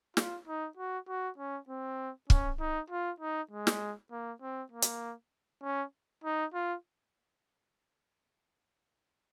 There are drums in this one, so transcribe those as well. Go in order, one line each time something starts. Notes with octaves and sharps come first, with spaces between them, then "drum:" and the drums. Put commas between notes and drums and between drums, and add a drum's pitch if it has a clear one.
F4, drum: snare
D#4
F#4
F#4
C#4
C4
C#4, drum: kick
D#4
F4
D#4
G#3
drum: snare
A#3
C4
A#3
drum: hi-hat
C#4
D#4
F4